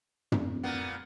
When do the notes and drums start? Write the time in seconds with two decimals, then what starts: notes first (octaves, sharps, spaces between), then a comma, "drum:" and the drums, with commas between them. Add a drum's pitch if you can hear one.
0.32 D1, drum: tom
0.63 A#2 A#3 B3